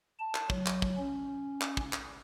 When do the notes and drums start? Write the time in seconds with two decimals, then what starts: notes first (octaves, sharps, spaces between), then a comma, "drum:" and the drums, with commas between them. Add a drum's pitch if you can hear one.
0.19 A5
0.35 drum: clap
0.50 F#3, drum: kick
0.66 drum: clap
0.82 drum: kick
0.97 C#4
1.61 drum: clap
1.77 drum: kick
1.93 drum: clap